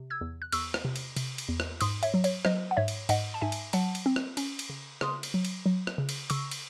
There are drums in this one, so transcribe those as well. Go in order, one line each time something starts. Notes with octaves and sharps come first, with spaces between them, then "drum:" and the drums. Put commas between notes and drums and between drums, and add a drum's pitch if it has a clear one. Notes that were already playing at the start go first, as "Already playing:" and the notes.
Already playing: C3
E6 G#6
E2
F#6
E2 C#6 E6, drum: cymbal
drum: rim click
C3
drum: cymbal
C3, drum: cymbal
drum: cymbal
E2
drum: rim click
G#2 C6 D#6, drum: cymbal
C#5 E5, drum: cymbal
F#3
C#5, drum: cymbal
F#3 C5 D#5, drum: rim click
F#5
G#2 C#5 E5
drum: cymbal
G#2 D#5 F#5, drum: cymbal
A5
G#2 E5 G#5
drum: cymbal
F#3 F#5 A5, drum: cymbal
drum: cymbal
C4
drum: rim click
C#4, drum: cymbal
drum: cymbal
C#3
C#3 C6 D#6, drum: rim click
drum: cymbal
F#3
drum: cymbal
F#3
drum: rim click
C#3
drum: cymbal
C#3 C#6 E6, drum: cymbal
drum: cymbal